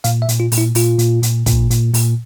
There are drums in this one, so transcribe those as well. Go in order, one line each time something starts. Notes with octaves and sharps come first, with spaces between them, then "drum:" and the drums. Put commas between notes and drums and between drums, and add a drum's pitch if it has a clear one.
A#2 F5, drum: hi-hat
E5
A#2, drum: hi-hat
F4
A#2, drum: open hi-hat
E4
A#2 F4, drum: open hi-hat
A#2, drum: hi-hat
A#2, drum: hi-hat
A#2, drum: kick, hi-hat
A#2, drum: hi-hat
A#2, drum: open hi-hat